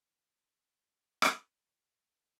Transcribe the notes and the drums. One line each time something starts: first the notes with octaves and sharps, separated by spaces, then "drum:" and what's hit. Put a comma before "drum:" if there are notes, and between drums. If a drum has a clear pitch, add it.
E5 G#5
D#4 G#4 D#5 F#5 G5 C#6
drum: rim click
G4 A4 A#4 F6 A6
C5